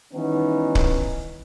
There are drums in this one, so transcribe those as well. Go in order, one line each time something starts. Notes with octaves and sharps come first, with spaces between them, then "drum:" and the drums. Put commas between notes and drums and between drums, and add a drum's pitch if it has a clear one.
D#3 E3 G3 B3 C#4 D#4
drum: kick